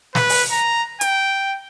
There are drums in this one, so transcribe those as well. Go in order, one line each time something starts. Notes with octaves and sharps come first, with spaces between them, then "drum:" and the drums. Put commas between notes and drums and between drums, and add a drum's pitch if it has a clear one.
B4, drum: snare
drum: open hi-hat
A#5
G5, drum: hi-hat